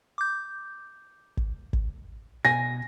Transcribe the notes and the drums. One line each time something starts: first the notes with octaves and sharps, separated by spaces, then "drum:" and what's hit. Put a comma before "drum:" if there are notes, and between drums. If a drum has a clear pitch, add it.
D6 G6
drum: kick
drum: kick
B2 G#5 A#6